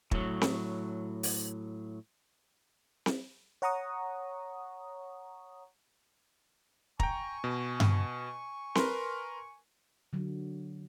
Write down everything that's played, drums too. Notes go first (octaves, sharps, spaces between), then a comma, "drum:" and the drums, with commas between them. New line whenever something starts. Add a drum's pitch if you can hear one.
A2 F#3, drum: kick
drum: snare C4
drum: open hi-hat
drum: snare C4
C#5 F#5 A#5 C#6 D#6
G5 G#5 A#5 C#6, drum: kick
B2
drum: tom G2
A#4 B4 C6, drum: snare C4
D3 F#3